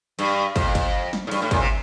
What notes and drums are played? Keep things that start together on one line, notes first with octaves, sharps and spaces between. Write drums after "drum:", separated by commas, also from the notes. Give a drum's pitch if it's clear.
G2, drum: cymbal
F2, drum: kick, cymbal
drum: kick, cymbal
drum: snare
A2
G2, drum: cymbal
A2
A#2, drum: kick, cymbal
C3